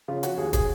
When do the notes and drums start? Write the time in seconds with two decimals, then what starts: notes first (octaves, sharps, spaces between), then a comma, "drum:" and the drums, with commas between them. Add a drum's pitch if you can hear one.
0.08 C#3 F4
0.23 F3 F#4, drum: hi-hat
0.38 D#2 G#4
0.53 G#4, drum: kick, hi-hat